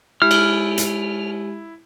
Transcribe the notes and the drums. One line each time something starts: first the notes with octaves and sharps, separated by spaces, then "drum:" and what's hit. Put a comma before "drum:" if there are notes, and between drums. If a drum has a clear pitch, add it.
G#3 E4 G4 F6
drum: cymbal
drum: hi-hat